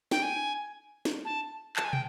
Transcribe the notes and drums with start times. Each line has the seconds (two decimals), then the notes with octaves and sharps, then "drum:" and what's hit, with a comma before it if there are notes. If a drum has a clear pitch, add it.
0.11 G5, drum: snare
0.23 G#5
1.05 drum: snare
1.25 A5
1.76 A5, drum: clap
1.84 G#5
1.93 G5, drum: tom